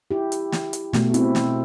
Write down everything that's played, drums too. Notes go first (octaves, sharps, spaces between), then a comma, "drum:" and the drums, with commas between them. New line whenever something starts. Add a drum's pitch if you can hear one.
E4 G4
drum: hi-hat
drum: snare
drum: hi-hat
B2 A3, drum: snare
C4 E4, drum: hi-hat
drum: snare